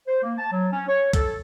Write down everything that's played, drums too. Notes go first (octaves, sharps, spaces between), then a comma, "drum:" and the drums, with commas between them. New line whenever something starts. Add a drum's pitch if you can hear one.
C5
A#3
A5
F#3
C#4
C#5
A4, drum: kick C2, hi-hat